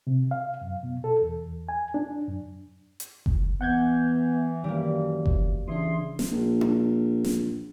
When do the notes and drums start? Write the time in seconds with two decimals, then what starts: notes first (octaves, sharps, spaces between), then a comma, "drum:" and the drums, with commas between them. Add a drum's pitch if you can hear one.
0.07 C3
0.31 F5
0.61 F#2
0.83 B2
1.04 A4
1.22 E2
1.69 G#5
1.94 D4
2.27 F#2
3.00 drum: hi-hat
3.26 drum: kick F#1
3.61 E3 B3 F#5 G6 G#6
4.64 F#2 D#3 G3 A#3
5.26 drum: kick F#1
5.68 C#3 E3 D4 E4 G#4 C6
6.19 drum: snare
6.32 A#1
6.61 drum: tom D4
7.24 drum: snare